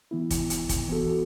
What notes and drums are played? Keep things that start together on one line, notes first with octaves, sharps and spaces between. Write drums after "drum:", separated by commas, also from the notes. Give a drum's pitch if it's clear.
E3 B3 E4
drum: kick, hi-hat
drum: hi-hat
drum: kick, hi-hat
E3 B3 F#4 A4